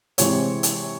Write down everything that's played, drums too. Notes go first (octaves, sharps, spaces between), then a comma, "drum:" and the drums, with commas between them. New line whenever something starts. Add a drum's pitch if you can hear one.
C3 E3 G#3 C4 C#5, drum: hi-hat
drum: hi-hat